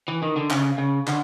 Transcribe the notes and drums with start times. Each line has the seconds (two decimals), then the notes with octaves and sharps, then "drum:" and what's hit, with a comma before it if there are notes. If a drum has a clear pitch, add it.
0.08 E3
0.22 D#3
0.36 D3
0.50 C#3, drum: clap
0.78 C#3
1.07 D3, drum: clap